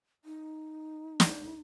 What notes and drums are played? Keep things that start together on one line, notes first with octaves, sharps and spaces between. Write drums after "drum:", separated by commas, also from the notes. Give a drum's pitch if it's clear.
D#4
drum: snare